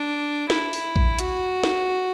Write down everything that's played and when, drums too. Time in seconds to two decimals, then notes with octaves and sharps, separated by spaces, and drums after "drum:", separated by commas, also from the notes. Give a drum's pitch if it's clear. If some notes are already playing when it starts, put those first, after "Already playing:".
Already playing: D4
0.50 E4, drum: snare
0.73 drum: open hi-hat
0.96 drum: kick A#1
1.19 F#4, drum: hi-hat
1.63 drum: snare